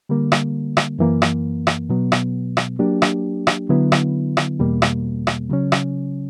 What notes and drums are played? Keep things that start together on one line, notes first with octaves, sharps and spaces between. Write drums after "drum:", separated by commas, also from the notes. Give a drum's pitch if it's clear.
D3 G3 A#3
drum: rim click
drum: rim click
F#2 E3 A#3
drum: rim click
drum: rim click
B2 F#3 B3
drum: rim click
drum: rim click
F#3 A#3 D4 G4
drum: rim click
drum: rim click
D3 F#3 B3 E4
drum: rim click
drum: rim click
E2 B2 G3 A#3
drum: rim click
drum: rim click
C#3 F#3 C#4
drum: rim click